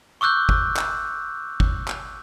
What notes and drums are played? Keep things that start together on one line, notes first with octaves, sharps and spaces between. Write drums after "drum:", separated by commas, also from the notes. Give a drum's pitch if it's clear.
C#6 D6 E6 F#6 G6
drum: kick G1
drum: clap
drum: kick G1
drum: clap